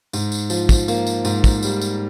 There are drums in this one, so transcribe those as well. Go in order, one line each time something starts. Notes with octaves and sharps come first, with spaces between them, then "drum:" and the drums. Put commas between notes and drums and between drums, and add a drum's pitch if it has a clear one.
G#2, drum: tambourine
drum: tambourine
F3, drum: tambourine
drum: kick, tambourine
A#3, drum: tambourine
drum: tambourine
G#2, drum: tambourine
drum: kick, tambourine
G3, drum: tambourine
drum: tambourine